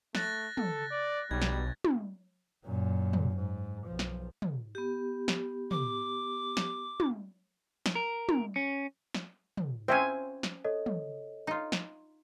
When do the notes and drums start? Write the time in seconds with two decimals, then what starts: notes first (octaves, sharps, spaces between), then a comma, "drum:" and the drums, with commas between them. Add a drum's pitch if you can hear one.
0.15 A3 F#6 A6 A#6, drum: snare
0.57 A4, drum: tom
0.91 D5
1.31 B1 G3 G#6
1.42 drum: snare
1.84 drum: tom
2.65 F#2 A#2
3.13 drum: tom
3.35 G#2
3.86 B1 F3
3.99 drum: snare
4.42 drum: tom
4.75 B3 G4
5.28 drum: snare
5.71 D6, drum: tom
6.57 drum: snare
7.00 drum: tom
7.86 drum: snare
7.95 A#4
8.29 drum: tom
8.56 C#4
9.14 drum: snare
9.57 drum: tom
9.88 C4 C#4 C5 E5 G#5
10.43 drum: snare
10.64 A4 C#5 D#5
10.86 drum: tom
11.47 D#4 F4
11.72 drum: snare